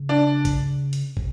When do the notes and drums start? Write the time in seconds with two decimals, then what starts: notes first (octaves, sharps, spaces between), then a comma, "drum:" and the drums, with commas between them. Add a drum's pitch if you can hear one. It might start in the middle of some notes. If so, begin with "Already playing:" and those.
Already playing: C#3
0.09 D4
0.45 drum: kick, hi-hat
0.93 drum: hi-hat
1.17 C3, drum: kick